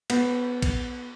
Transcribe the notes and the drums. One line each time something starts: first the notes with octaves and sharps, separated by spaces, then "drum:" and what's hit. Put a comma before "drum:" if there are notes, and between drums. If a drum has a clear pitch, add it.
B3, drum: cymbal
drum: kick, cymbal